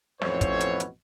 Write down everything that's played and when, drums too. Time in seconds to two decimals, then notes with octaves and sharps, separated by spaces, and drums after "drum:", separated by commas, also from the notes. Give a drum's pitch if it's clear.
0.22 A1 F2 B2 E3 C5 C#5, drum: snare
0.41 drum: kick, hi-hat
0.60 drum: hi-hat
0.80 drum: hi-hat